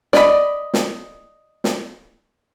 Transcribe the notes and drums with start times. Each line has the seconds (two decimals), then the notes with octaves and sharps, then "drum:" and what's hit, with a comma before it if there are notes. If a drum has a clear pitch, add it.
0.13 D5 D#5 B5, drum: snare
0.74 drum: snare
1.64 drum: snare